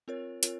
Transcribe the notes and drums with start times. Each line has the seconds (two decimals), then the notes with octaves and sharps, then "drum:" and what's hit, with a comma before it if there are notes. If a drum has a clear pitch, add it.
0.08 C4 F4 A#4 C#5
0.43 C4 F4 A#4 C#5, drum: hi-hat